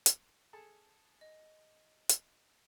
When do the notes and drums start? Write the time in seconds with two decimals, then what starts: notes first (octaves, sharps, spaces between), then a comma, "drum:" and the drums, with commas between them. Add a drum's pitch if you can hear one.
0.06 drum: hi-hat
0.53 G#4 A4 A5
1.21 D#5
2.09 drum: hi-hat